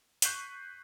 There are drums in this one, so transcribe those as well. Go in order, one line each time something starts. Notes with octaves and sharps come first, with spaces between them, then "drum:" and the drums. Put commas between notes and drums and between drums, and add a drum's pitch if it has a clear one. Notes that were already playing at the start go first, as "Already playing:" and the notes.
C#6 F#6 G6 B6 C7 D#7, drum: hi-hat